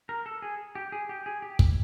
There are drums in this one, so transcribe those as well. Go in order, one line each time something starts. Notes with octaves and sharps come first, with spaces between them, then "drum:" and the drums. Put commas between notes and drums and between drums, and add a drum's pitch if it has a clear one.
A#4
A4
G#4
G4
G#4
G4
G#4
G4
drum: kick